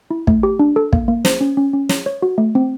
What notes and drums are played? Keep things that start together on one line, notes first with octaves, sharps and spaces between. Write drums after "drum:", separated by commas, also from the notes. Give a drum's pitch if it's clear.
E4
A3, drum: kick
G4
D4
A4
A#3, drum: kick
A#3
C5, drum: snare
C#4
C#4
C#4
C#5, drum: snare
C#5
F#4
A3
C4